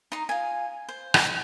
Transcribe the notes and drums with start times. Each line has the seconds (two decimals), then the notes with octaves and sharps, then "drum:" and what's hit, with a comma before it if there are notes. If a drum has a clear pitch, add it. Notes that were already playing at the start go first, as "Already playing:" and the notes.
0.12 D#4 A#5 C6
0.29 F4 G#5
0.89 C5
1.14 drum: rim click